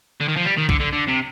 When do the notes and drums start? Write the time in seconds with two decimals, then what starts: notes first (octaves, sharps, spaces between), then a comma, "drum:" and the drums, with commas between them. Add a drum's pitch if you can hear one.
0.20 D3
0.28 D#3
0.37 F3
0.45 G3
0.57 D#3
0.69 D3, drum: kick
0.80 D3
0.93 D3
1.08 C3